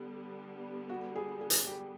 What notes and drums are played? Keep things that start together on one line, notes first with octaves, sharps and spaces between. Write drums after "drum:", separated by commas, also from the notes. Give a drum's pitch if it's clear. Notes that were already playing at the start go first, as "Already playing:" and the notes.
Already playing: D3 G3 B3
F#4
G#4
G#4
drum: hi-hat
G4